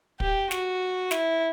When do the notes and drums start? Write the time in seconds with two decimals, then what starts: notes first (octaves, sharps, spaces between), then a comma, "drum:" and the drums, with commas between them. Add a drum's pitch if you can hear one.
0.20 G4, drum: kick
0.51 F#4, drum: snare
1.11 E4, drum: snare